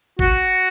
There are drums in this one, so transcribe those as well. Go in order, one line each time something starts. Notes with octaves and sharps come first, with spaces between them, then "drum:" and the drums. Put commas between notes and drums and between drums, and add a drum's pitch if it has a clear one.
F#4, drum: kick